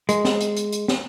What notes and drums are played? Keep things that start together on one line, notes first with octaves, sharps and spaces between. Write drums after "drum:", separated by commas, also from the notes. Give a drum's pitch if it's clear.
G#3, drum: hi-hat
drum: snare
drum: hi-hat
drum: hi-hat
drum: hi-hat
drum: snare